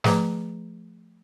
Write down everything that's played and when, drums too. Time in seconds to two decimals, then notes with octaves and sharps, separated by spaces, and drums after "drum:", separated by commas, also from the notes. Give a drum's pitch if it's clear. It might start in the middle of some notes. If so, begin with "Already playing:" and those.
0.04 F3 A3 G#4 B4 A#5 D6, drum: snare